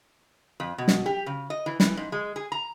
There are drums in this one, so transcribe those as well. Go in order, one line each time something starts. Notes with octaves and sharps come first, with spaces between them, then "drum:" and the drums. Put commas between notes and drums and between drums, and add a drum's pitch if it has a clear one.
F2
B2
drum: snare
G4
C#3
D#5
E3
E3, drum: snare
G#2
G#3
G#4
A#5